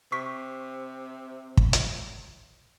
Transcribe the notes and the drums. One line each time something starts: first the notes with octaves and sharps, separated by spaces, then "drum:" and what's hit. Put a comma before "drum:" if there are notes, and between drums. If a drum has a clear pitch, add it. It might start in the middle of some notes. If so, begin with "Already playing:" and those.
C3 C#6 B6
drum: kick
drum: hi-hat